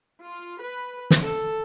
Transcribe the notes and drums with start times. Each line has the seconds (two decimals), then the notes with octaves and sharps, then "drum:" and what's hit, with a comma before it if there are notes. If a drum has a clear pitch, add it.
0.23 F4
0.61 B4
1.10 drum: snare
1.22 A4